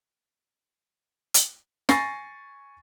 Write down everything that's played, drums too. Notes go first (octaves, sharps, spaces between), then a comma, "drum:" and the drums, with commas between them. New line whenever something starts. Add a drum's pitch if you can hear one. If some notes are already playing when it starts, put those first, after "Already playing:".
drum: hi-hat
G#5 C#6 A6 A#6 C7, drum: snare